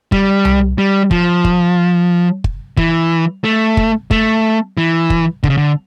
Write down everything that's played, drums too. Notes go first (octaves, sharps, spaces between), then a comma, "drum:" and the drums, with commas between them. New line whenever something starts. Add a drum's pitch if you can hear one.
G3, drum: kick
drum: tom C2
G3
F3, drum: kick
drum: kick
drum: kick
E3, drum: kick
A3
drum: kick
A3, drum: kick
E3
drum: kick
D3, drum: kick
C#3
D3